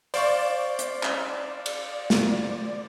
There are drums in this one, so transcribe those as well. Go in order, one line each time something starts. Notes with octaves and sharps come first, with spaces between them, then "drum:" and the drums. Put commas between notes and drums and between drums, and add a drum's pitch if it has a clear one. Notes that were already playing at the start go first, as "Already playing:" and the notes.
C5 D5 F5 C#6, drum: open hi-hat
drum: hi-hat
drum: clap
drum: cymbal
drum: snare